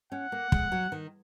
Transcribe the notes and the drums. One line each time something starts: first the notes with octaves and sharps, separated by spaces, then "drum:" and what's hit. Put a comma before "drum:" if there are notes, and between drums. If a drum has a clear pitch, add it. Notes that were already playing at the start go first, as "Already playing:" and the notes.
C#4 F#5
A#3
G#3, drum: kick
F#3
D#3